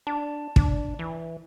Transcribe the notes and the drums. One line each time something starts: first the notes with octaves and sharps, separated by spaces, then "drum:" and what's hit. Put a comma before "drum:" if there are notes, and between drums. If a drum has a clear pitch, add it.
D4 A5
D4, drum: kick
E3